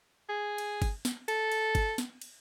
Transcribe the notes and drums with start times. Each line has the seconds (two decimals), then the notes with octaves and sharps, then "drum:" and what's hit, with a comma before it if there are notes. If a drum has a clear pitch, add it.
0.29 G#4
0.58 drum: cymbal
0.82 drum: kick G1, cymbal
1.05 drum: snare
1.28 A4, drum: cymbal
1.52 drum: cymbal
1.75 drum: kick G1, cymbal
1.98 drum: snare
2.22 drum: cymbal